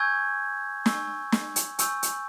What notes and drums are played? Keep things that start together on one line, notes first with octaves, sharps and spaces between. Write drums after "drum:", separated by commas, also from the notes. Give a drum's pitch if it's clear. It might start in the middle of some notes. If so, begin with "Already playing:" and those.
Already playing: G#5 C#6 E6 G6 G#6
G#5 C#6 E6 G6, drum: snare
drum: snare
drum: hi-hat
G#5 C#6 E6 G6, drum: hi-hat
drum: hi-hat